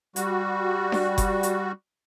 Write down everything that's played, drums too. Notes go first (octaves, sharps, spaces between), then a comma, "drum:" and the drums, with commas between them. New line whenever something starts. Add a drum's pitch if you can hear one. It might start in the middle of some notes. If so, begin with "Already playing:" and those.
G3 F#4, drum: hi-hat
drum: snare D4
drum: kick F#1, hi-hat
drum: hi-hat